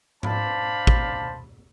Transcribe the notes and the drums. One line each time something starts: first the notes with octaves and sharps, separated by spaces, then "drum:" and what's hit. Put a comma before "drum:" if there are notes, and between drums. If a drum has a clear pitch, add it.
D4 C5 F5 A5 B5, drum: tom G#2
drum: kick